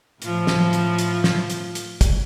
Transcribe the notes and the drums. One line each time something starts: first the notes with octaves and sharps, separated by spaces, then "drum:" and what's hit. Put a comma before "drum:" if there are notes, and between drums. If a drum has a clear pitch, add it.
A2 F3, drum: hi-hat
drum: snare
drum: hi-hat
drum: hi-hat
drum: snare
drum: hi-hat
drum: hi-hat
drum: kick, hi-hat